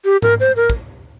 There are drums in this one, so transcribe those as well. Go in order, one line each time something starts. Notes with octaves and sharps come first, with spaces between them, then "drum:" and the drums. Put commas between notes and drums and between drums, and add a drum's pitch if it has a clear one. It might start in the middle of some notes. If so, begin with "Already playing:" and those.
G4
A#4, drum: tom G#2
C5
A#4
drum: kick